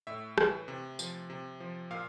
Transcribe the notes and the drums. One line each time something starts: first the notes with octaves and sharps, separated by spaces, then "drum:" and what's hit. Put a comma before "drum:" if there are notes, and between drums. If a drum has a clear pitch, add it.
A2 E5
E3, drum: rim click
C3
F3, drum: tambourine
C3
F3
A#2 F5